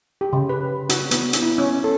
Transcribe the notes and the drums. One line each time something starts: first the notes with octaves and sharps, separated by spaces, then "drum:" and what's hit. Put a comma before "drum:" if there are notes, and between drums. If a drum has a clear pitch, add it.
G4
C#3
B4
F#4, drum: hi-hat
B3, drum: hi-hat
drum: hi-hat
E4
C#4
A4